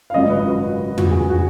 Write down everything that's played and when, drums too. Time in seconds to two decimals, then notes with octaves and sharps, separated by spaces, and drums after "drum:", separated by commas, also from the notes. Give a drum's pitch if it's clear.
0.10 F5
0.14 G#1 F#2 C#3 D#5
0.30 B4
0.47 F#4
0.98 F#4, drum: tom
1.11 G#4
1.30 F#4